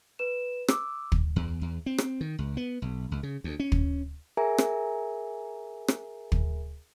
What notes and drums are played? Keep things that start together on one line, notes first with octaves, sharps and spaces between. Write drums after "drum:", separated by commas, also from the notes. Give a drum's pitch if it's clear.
B4 E7
D6 E6, drum: rim click
drum: kick
E2
E2
C4
drum: rim click
D#3
C#2
B3
B1
C#2
C#3
D2
C#4
drum: kick
G#4 A#4 E5 G#5 A#5
drum: rim click
drum: rim click
drum: kick